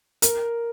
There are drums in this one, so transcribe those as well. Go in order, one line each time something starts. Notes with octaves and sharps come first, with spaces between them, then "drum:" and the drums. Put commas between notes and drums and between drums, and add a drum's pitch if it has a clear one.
A#4, drum: hi-hat